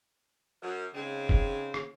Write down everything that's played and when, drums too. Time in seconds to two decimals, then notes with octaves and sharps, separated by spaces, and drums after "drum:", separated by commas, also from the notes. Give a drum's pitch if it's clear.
0.62 F#2
0.95 G#2 C#3 G#3 C4
1.29 drum: kick
1.74 drum: rim click